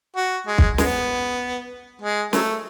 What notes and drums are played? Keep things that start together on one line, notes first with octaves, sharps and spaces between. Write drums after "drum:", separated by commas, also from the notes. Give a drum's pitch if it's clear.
F#4
G#3
drum: kick
G#3 B3, drum: snare
G#3
F#3 A3, drum: snare